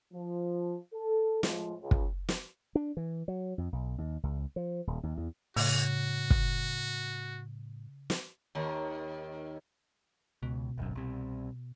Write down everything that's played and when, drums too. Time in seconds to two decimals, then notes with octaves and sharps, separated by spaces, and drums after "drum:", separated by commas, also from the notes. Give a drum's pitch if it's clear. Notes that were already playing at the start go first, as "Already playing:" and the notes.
0.14 F3
0.93 A4
1.43 A2 F3 G#3 F4, drum: snare
1.82 C#2
1.91 drum: kick
2.29 drum: snare
2.75 D4
2.97 E3
3.28 F#3
3.58 F2
3.73 B1
3.98 D#2
4.23 C#2
4.56 F3
4.87 D#1
5.03 D#2
5.18 E2
5.56 A2 C#3 F#4, drum: open hi-hat
6.30 drum: kick
8.10 drum: snare
8.55 D#2 D#3
10.43 C#2 B2
10.78 D1 G#1 F#2
10.95 C2 C3